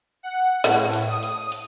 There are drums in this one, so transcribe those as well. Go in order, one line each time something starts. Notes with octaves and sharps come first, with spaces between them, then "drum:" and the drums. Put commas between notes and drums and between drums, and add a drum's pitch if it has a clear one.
F#5
A2, drum: snare
drum: hi-hat
D#6
drum: hi-hat
drum: hi-hat